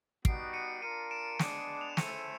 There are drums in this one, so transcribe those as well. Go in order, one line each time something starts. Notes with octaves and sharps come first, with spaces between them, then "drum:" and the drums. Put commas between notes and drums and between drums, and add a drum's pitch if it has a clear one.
G3 B3 D#4 F#4 C7 D7, drum: kick
C#7 D#7
D4 F4 A#4 C#7 D#7
D7 E7
G#3 B3 D4, drum: snare
F7
E7
A3 C#4 E4 A4 C5 C#7 D#7, drum: snare